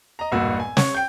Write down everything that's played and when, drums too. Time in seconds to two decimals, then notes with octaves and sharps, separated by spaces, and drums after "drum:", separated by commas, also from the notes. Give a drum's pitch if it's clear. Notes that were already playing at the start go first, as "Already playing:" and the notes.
0.19 D#5 A#5
0.31 E1 B1 G2 A#2 F#4 E6
0.60 G#5
0.77 C#5, drum: snare
0.94 G5 G6